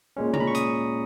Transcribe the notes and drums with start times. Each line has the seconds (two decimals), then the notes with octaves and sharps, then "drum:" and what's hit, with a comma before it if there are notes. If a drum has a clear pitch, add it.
0.17 A#2 G#3 C#4
0.34 A#5, drum: tom C3
0.40 B5
0.47 C#6
0.55 D#6, drum: hi-hat